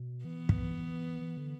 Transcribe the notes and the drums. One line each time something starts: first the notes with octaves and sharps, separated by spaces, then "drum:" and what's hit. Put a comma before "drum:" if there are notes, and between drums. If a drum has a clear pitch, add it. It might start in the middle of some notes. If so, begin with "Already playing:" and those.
Already playing: B2
E3 B3
drum: kick
E3
D3